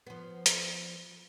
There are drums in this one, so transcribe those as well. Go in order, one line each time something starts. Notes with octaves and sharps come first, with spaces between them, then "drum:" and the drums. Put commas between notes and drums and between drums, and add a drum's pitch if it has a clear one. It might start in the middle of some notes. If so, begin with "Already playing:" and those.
F3 B3
drum: hi-hat